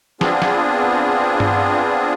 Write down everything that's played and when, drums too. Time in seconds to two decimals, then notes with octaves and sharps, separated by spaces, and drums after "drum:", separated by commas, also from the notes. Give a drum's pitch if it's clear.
0.21 B3 C4 D4 F4 G#4, drum: snare
0.42 drum: snare
1.40 drum: tom G2